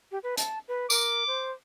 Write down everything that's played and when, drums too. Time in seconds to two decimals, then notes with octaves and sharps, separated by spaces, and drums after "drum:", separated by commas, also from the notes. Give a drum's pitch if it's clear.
0.12 G4
0.23 B4
0.37 A5, drum: hi-hat
0.68 B4
0.90 A#4 D6, drum: tambourine
1.27 C5